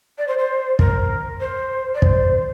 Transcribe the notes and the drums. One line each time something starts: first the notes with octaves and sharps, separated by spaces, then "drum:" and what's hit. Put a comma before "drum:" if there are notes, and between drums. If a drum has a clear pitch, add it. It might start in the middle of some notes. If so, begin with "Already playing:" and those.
D5
C5
C5
A#4, drum: kick
C5
D5
C5, drum: kick